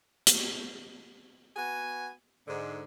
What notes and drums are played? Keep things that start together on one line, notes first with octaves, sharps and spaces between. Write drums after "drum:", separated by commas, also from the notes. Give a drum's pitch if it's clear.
drum: hi-hat
B3 F#4 G#5
G#2 D3